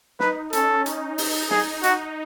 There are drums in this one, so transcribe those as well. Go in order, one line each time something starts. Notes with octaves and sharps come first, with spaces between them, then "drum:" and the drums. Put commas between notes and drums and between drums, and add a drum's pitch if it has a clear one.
D#4 B4, drum: snare
C#4 A4, drum: hi-hat
D#4, drum: hi-hat
drum: open hi-hat
D#4 G#4, drum: snare
F#4, drum: hi-hat